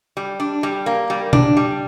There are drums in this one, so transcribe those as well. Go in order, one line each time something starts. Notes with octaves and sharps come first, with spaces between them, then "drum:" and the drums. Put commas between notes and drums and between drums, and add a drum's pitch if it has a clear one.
G3
D4
G3
A#3
G3
D4, drum: tom B2
G3